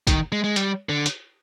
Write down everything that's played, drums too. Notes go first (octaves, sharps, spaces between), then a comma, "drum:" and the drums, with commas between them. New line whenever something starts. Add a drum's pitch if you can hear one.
D#3, drum: kick, hi-hat
G#3
G#3
G3, drum: hi-hat
D3
drum: hi-hat